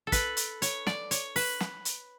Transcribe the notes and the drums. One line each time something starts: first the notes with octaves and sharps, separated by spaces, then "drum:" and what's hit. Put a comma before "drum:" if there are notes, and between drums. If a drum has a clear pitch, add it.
A4
B4, drum: kick, hi-hat
drum: hi-hat
C#5, drum: hi-hat
D5, drum: snare
C#5, drum: hi-hat
B4, drum: open hi-hat
drum: snare
drum: hi-hat